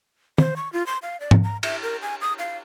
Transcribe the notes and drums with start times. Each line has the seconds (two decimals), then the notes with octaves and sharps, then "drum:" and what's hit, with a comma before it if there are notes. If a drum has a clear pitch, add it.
0.38 C5, drum: tom
0.57 C#6
0.73 F4
0.87 C6
1.03 F5
1.20 D5
1.31 drum: tom G#2
1.44 A#5
1.63 E5, drum: cymbal
1.83 A#4
2.02 G#5
2.21 D#6
2.38 F5